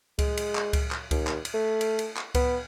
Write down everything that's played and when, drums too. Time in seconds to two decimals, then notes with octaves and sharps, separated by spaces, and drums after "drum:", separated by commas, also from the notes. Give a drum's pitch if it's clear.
0.19 G#3, drum: kick C#2, cymbal
0.37 drum: cymbal
0.55 drum: clap
0.73 drum: kick C#2, cymbal
0.91 drum: clap
1.11 D#2, drum: kick C#2, cymbal
1.27 drum: clap
1.45 drum: cymbal
1.54 A3
1.81 drum: cymbal
1.99 drum: cymbal
2.17 drum: clap
2.35 B3, drum: kick C#2, cymbal